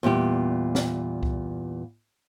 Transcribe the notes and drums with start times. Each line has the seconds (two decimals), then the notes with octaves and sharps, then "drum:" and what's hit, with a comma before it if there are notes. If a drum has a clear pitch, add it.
0.03 E2 A#2 G3 G4
0.75 drum: snare
1.23 drum: kick C2